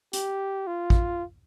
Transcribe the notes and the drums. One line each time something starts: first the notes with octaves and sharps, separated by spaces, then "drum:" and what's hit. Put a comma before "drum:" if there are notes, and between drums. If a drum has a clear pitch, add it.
G4, drum: hi-hat
F4
drum: kick